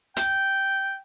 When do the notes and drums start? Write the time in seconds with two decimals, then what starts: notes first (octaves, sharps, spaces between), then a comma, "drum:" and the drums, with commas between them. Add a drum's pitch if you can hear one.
0.17 G5, drum: hi-hat